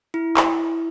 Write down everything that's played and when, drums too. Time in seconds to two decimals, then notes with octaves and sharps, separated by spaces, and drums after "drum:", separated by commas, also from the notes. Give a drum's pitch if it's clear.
0.14 E4
0.37 drum: clap